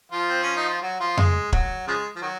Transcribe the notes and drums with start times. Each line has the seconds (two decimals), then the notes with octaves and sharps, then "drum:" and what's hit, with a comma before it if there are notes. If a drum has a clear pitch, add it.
0.12 F3 F4
0.30 C4
0.43 C#4
0.56 D#4
0.69 F4
0.81 F#3 F#4
1.00 F3 F4
1.17 G#3, drum: tom F2
1.52 F#3, drum: kick
1.87 C#3 F3 G#3
2.16 F3
2.22 D#3 F#3